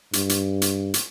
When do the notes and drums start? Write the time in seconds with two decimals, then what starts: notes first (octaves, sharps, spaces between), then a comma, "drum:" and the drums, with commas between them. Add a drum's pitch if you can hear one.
0.13 G2, drum: hi-hat
0.29 drum: hi-hat
0.62 drum: hi-hat
0.94 drum: hi-hat